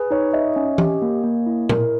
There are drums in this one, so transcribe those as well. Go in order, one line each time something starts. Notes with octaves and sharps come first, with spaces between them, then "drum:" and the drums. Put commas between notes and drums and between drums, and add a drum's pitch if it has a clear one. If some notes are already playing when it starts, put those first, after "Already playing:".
Already playing: G#4 B4
D#4 C#5
D#5 E5
C#4
G4, drum: tom E3
A#3
A#3
E4
A#4, drum: tom A#2